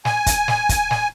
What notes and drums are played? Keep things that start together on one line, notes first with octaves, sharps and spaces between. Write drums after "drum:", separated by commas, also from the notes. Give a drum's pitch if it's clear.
G#5, drum: snare
drum: kick, hi-hat
drum: snare
drum: kick, hi-hat
drum: snare